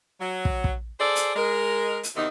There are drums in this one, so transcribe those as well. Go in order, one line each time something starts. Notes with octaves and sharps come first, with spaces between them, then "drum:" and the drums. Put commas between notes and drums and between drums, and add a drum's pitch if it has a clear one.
F#3
drum: kick
drum: kick
G#4 A4 C5 D5
drum: hi-hat
G#3 A#4
drum: hi-hat
E2 C3 D#3 D#4